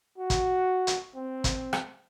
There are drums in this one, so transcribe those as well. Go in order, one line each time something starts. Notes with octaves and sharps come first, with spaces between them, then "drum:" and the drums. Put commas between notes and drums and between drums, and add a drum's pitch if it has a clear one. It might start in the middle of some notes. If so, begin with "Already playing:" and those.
F#4
drum: kick, hi-hat
drum: hi-hat
C4
drum: kick, hi-hat
drum: rim click